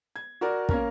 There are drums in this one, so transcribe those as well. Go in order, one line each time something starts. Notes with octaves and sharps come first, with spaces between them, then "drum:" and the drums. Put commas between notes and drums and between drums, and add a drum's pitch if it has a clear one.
G#6
F#4 A#4 D5
A#3 C#4 A#4, drum: kick